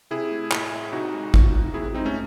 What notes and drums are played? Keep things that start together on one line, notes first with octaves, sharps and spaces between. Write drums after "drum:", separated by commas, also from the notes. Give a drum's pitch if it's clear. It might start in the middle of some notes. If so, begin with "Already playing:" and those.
C3 E4 G#4
A3
A2, drum: clap
A2
C3 D#4 F#4
G#3
A2, drum: kick
A2
C3 E4 G#4
G#3 C4 D#4
A3 C#4